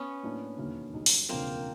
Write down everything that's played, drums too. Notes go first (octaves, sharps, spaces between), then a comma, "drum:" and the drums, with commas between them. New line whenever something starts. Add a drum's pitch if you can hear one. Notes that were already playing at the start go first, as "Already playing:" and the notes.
Already playing: B3 C#4
A2 F#3 A#3 D4 F#4
E1 D#2 D3 F#3 A#3
B1 B2 G3
drum: open hi-hat
E1 D2 C#3 F3 A#3 C4